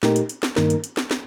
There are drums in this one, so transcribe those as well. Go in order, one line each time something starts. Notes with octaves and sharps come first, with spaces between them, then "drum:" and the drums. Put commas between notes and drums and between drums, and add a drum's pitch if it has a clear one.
A#2 A3 D#4 G4 A#4, drum: snare
drum: hi-hat
drum: hi-hat
drum: snare
G2 D#3 A#3 D#4 A#4, drum: snare
drum: hi-hat
drum: hi-hat
drum: snare
drum: snare